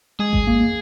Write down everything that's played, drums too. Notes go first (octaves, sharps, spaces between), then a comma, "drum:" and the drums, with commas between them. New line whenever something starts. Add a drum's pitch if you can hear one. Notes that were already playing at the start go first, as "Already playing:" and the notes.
G#3 G#4
drum: kick G#1
A#3